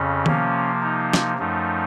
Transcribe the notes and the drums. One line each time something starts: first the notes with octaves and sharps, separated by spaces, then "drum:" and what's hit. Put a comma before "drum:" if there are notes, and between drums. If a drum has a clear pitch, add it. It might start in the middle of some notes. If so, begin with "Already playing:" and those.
Already playing: F2 C#3 C#4
C3 F3 A#3, drum: tom D#3
D#4
drum: snare
F#2 F3 A3 D#4